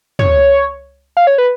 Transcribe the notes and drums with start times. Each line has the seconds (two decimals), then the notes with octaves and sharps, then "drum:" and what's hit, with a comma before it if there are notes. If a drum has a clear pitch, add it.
0.19 C#5, drum: tom
1.17 F5
1.27 C#5
1.38 B4